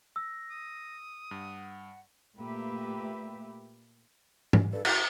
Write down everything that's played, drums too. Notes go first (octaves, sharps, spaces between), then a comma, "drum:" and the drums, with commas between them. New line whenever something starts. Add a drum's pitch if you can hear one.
E6 A#6
D#6
G2 F#5
A#2 A3 A#3 G4 B4 E5
drum: tom
G2 A4
E4 F#4, drum: cymbal